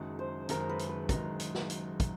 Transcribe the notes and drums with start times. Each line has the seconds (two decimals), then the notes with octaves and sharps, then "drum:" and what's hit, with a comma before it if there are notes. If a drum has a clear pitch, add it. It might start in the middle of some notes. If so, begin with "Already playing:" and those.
Already playing: F#1 F#2 D#3 G#3
0.19 C5
0.49 F#1 F#2 D#3 G#3 A#4, drum: hi-hat
0.69 B4
0.79 drum: hi-hat
0.89 B4
1.09 F#1 F#2 D#3 G#3 A#4, drum: kick, hi-hat
1.40 drum: hi-hat
1.55 drum: snare
1.70 drum: hi-hat
2.00 drum: kick, hi-hat